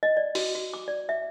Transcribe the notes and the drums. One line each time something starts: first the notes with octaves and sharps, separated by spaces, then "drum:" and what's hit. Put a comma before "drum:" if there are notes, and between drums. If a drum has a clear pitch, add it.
D#5
D5
F#4, drum: open hi-hat
F#4
D6
D5
E5